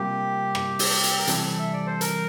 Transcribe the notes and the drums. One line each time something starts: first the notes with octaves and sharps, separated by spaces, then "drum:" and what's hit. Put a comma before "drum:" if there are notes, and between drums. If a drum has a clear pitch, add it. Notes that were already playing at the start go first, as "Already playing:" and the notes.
Already playing: C3 G3 A#3 F4 G4
drum: rim click
drum: open hi-hat
drum: hi-hat
A#4
C3 E3 G3 C4 A4, drum: hi-hat
E5
D5
C5
A#4, drum: hi-hat